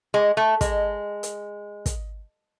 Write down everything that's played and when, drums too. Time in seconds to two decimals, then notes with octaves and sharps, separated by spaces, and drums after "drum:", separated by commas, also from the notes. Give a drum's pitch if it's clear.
0.14 G#3
0.37 A3
0.61 G#3, drum: kick, hi-hat
1.23 drum: hi-hat
1.86 drum: kick, hi-hat